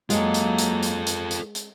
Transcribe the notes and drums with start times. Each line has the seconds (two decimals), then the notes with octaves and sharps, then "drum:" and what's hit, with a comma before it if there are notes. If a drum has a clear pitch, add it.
0.10 F#3 G#3 A#3 F4 A4, drum: hi-hat
0.34 drum: hi-hat
0.58 drum: hi-hat
0.82 drum: hi-hat
1.06 drum: hi-hat
1.31 drum: hi-hat
1.55 drum: hi-hat